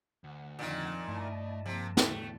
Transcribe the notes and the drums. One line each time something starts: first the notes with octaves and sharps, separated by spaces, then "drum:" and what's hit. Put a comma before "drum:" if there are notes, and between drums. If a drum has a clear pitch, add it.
D2 F#5
F2 A#2 D#3 D4 D#5
G2 A3 E4 D5 D#5 A5
C3 F3 A#3 C4
E2 A2 D3 A3 A4 G5, drum: snare